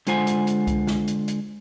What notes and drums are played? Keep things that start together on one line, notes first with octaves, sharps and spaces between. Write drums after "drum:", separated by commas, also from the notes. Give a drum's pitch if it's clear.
D3 G#3 F4 C5 F#5 G#5, drum: hi-hat
drum: hi-hat
drum: hi-hat
drum: kick C2, hi-hat
drum: snare
drum: hi-hat
drum: hi-hat